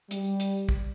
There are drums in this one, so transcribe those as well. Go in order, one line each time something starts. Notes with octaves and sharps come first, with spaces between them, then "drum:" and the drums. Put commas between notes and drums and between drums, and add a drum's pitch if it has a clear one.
G3, drum: hi-hat
drum: hi-hat
drum: kick